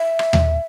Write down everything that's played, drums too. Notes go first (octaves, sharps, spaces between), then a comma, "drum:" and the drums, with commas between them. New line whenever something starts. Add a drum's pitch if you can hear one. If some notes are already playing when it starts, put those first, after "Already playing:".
Already playing: E5
drum: rim click
drum: tom D#2